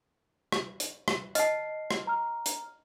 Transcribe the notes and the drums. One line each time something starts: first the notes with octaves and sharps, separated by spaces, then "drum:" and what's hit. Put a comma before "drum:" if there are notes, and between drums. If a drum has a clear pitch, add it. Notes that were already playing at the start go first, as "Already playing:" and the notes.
drum: rim click
drum: hi-hat
drum: rim click
D#5 A5 F6 C7, drum: hi-hat
drum: rim click
A#5 F6
drum: hi-hat